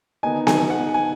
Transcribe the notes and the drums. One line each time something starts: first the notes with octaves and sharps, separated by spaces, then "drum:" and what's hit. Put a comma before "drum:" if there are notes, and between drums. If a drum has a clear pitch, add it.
D#3 B3 D#4 G#5
G#5, drum: snare B3
F#5
G#5